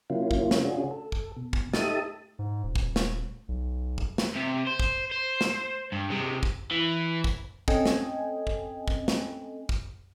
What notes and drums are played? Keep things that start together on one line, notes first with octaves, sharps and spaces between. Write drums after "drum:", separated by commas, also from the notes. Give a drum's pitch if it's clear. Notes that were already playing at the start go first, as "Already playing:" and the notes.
C#3 F#3 A#3 C#4 E4 F4
drum: kick
drum: snare
C#3 C#4 D4 F4 F#4 G#4
A4
drum: kick
B2
drum: kick
D#4 G4 A4 E5 A5 D#6, drum: snare
G#2
D#1
drum: kick
drum: snare
B1
drum: kick
drum: snare
C3 G4
C5
drum: kick
C5
drum: snare
G2
C3 G#3
drum: kick
E3
drum: kick
C4 C#4 A4 D#5 G5 G#5, drum: kick
drum: snare
drum: kick
drum: kick
drum: snare
drum: kick